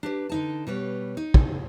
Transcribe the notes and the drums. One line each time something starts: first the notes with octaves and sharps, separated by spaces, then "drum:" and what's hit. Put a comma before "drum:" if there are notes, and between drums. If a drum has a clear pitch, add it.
D4 G4 B4
D3 D#4 A5
B2 G3 B4 C#5
D#4
drum: kick